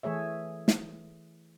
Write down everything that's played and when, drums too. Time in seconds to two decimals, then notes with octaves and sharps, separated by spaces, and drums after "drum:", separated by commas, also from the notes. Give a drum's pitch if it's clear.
0.03 E3 A3 G#4 C#5 E5
0.68 drum: snare